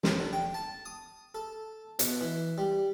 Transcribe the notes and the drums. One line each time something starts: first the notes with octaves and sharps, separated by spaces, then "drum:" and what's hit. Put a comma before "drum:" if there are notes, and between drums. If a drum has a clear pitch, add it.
D#2, drum: snare
D3
G5
A5
D#6
A4
B2, drum: hi-hat
E3
G3